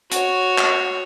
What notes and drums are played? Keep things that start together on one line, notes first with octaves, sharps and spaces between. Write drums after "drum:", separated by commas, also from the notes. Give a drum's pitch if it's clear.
F#4 C#5, drum: hi-hat
drum: clap